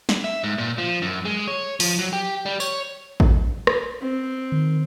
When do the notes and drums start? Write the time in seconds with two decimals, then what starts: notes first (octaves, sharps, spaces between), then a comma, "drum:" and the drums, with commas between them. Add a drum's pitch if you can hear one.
0.09 drum: snare
0.24 E5
0.44 G#2
0.58 A#2
0.78 F3
1.02 F#2
1.25 G#3
1.48 C#5
1.80 F3, drum: open hi-hat
1.99 F#3
2.13 G4
2.46 G3
2.60 C#5, drum: tambourine
3.20 drum: kick A1
3.67 drum: rim click
4.01 C4
4.52 D#3